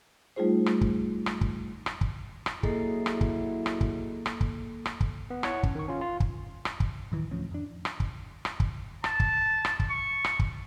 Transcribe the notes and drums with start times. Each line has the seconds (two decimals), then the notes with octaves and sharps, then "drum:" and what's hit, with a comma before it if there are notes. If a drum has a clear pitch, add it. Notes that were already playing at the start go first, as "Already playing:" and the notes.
0.36 G3 A3 D#4 F4 G#4 C5
0.66 drum: rim click
0.81 drum: kick
1.26 drum: rim click
1.41 drum: kick
1.86 drum: rim click
2.01 drum: kick
2.46 drum: rim click
2.63 F#3 A#3 E4 G#4 A4 D#5 C7, drum: kick
3.06 drum: rim click
3.21 drum: kick
3.66 drum: rim click
3.81 drum: kick
4.26 drum: rim click
4.41 drum: kick
4.86 drum: rim click
5.00 drum: kick
5.30 B3
5.43 E4 C#5 F#5 A5, drum: rim click
5.63 C#4, drum: kick
5.75 D#3 C#6
5.88 C#4 F4
6.01 F4
6.20 drum: kick
6.65 drum: rim click
6.80 drum: kick
7.12 D1 D#3 E3
7.31 D1 D2 F3 C#4
7.51 F2 D4
7.85 drum: rim click
8.00 drum: kick
8.45 drum: rim click
8.60 drum: kick
9.04 A5, drum: rim click
9.20 drum: kick
9.65 drum: rim click
9.80 drum: kick
9.90 C#6
10.24 drum: rim click
10.39 drum: kick